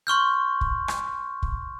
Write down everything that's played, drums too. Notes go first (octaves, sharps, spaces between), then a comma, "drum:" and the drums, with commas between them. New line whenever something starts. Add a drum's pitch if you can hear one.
C6 C#6 F6 G6
drum: kick
drum: rim click
drum: kick